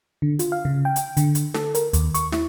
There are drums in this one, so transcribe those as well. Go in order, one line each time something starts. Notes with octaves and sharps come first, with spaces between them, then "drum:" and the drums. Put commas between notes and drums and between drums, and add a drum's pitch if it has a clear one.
D3
F4, drum: hi-hat
F5
C#3
G5
drum: hi-hat
D3, drum: hi-hat
drum: hi-hat
A4, drum: snare
A#4, drum: hi-hat
D#2, drum: hi-hat
C#6, drum: hi-hat
E4, drum: snare